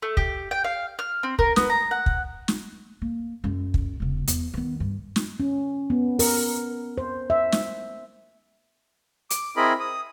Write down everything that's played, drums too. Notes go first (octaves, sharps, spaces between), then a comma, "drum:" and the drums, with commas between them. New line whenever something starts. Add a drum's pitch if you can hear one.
A3
G4, drum: kick
G5
F5
F6
C4
A#4, drum: kick
B3, drum: snare
A#5
F#5
drum: kick
drum: snare
A#3
F#2 G#3
drum: kick
E1 C#3
E2, drum: hi-hat
D#3 B3
G2
drum: snare
C#4
B3
A#4, drum: open hi-hat
C5
E5
drum: snare
D6, drum: hi-hat
C4 E4 G#4 A#4 D#5 B5
D#6